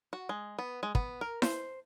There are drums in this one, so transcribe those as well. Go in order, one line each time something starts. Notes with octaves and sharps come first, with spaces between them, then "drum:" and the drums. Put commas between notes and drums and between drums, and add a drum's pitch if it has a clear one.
F#4
G#3
B3
G#3
B3, drum: kick
A#4
C5, drum: snare E4